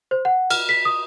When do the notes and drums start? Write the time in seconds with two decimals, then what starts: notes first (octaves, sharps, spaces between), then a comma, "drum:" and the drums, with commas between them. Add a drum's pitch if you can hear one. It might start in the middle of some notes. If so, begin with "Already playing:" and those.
0.11 C5
0.25 F#5
0.50 F6, drum: cymbal
0.69 B6
0.85 D#6